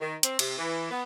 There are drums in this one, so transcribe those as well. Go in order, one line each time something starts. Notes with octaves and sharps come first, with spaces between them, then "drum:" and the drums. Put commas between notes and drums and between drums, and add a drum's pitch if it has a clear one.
D#3
C4, drum: hi-hat
C3, drum: cymbal
E3
B3